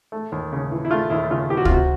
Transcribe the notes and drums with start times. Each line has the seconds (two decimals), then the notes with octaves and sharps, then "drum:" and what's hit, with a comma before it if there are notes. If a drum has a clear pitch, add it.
0.12 A3
0.32 D#2
0.53 C#3
0.71 E3
0.85 E4
0.91 A3 F4
1.10 D#2 E4
1.31 C#3 F4
1.50 E3 G4
1.57 F#4
1.65 F4, drum: kick
1.70 C3 F#4